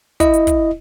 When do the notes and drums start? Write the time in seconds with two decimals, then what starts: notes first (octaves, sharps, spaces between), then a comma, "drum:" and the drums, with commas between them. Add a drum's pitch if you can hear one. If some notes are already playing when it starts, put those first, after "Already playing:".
0.20 E4 D#5, drum: kick, hi-hat
0.33 drum: hi-hat
0.47 drum: kick, hi-hat